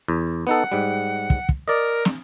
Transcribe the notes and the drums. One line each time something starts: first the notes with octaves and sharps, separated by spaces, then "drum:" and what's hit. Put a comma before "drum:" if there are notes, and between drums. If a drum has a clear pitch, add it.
E2
B3 D#4 A4 F#5
G#2 G3
drum: kick
drum: kick
A#4 D5 D#5
drum: snare